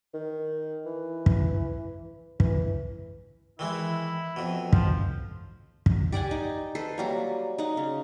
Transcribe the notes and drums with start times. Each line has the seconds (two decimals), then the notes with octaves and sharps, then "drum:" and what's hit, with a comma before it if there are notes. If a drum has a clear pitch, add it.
0.14 D#3
0.86 E3
1.26 drum: kick
2.40 E3, drum: kick
3.59 D#3 E3 G#3 E4
4.36 F2 B2
4.73 F3, drum: kick
5.86 drum: kick
6.12 G4 D5 F#5 G#5
6.31 D#4
6.75 A4 B4 C5
6.98 F#3 G3 A#3
7.58 D#4 F#5
7.77 C#3